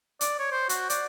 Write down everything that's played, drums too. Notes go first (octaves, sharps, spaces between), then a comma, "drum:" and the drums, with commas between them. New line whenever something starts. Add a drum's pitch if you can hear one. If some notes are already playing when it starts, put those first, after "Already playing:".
D5, drum: hi-hat
C#5
C5
F#4, drum: hi-hat
D5, drum: hi-hat